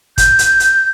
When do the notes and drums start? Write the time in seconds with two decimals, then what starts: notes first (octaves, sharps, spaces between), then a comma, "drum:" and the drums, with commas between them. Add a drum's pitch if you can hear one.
0.18 G6, drum: kick, hi-hat
0.39 drum: hi-hat
0.60 drum: hi-hat